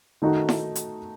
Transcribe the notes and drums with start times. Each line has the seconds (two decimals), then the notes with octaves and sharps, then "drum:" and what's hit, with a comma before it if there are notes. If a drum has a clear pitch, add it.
0.22 D#3 A3 D#4 F#4
0.49 drum: snare E4
0.75 drum: hi-hat